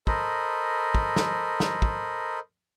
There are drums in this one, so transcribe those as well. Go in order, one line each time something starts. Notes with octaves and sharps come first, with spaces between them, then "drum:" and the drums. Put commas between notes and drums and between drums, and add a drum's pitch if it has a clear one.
A4 A#4 C5 D#5 B5, drum: kick
drum: kick
drum: snare
drum: snare
drum: kick